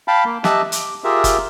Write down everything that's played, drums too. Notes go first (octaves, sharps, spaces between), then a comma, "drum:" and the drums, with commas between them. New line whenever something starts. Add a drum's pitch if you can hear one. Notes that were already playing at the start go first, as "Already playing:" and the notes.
F5 G5 A5 B5
A#3
G4 D#5 E5 A5 F#6, drum: snare
D6, drum: hi-hat
F4 G4 G#4 A#4 E5
drum: kick F1, hi-hat